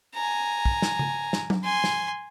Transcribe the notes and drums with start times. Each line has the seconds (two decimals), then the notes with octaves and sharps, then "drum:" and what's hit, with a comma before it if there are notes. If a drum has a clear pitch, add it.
0.15 G#5 A#5
0.65 drum: kick
0.82 drum: snare
0.99 drum: tom C#3
1.33 drum: snare
1.50 drum: tom F#3
1.64 G#5 C6
1.84 drum: snare